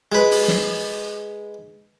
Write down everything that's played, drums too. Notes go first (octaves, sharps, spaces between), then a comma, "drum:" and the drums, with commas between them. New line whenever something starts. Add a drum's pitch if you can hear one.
G#3 B4
drum: open hi-hat
drum: snare